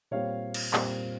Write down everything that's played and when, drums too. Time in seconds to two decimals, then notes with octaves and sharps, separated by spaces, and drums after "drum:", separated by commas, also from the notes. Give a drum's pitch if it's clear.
0.11 A#2 G3 C4 C#5 F5
0.54 drum: cymbal
0.73 A#2 G3 C4, drum: clap